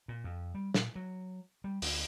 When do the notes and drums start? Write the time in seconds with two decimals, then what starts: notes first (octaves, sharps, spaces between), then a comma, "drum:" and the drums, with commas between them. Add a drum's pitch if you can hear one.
0.08 A#2
0.24 F2
0.54 G3
0.74 A#2, drum: snare
0.96 F#3
1.64 G3
1.82 D2, drum: open hi-hat